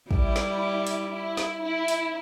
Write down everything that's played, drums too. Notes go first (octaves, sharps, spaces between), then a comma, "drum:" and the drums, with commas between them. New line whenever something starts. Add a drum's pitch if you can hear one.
G3 E4, drum: kick
drum: snare
drum: hi-hat
E4
drum: snare
E4
drum: hi-hat